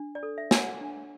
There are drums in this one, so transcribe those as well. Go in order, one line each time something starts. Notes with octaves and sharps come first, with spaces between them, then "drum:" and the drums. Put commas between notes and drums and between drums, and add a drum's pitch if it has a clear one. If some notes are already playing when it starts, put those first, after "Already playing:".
Already playing: D4
D5
A4
E5
C#5 G#5, drum: snare
F#5
D4